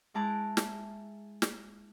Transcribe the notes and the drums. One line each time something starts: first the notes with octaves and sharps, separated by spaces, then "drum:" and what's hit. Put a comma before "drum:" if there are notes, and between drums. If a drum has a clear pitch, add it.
G#3 E4 A5 A#5 D6 F#6
drum: snare
drum: snare